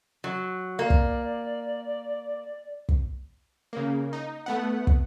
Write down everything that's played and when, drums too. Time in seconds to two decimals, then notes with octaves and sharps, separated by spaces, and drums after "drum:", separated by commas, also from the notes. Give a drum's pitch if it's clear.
0.24 F#3
0.79 A#3 D5
0.90 drum: kick
2.89 drum: kick
3.73 C#3 A#3
4.13 D#4
4.46 A3 B3 F#5
4.87 drum: kick